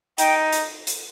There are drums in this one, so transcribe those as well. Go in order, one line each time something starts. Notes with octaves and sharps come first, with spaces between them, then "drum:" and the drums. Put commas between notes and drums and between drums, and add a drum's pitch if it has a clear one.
D#4 G5, drum: hi-hat
drum: hi-hat
drum: hi-hat